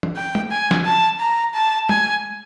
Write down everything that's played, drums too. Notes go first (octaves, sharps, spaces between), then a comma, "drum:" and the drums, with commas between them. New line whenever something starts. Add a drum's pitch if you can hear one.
drum: tom
G5
drum: tom
G#5
drum: snare
A5
A#5
A5
G#5, drum: tom